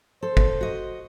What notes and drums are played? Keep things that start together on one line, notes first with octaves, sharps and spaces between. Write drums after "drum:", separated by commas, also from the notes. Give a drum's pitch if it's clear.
A4 C5
drum: kick
F#4 D#5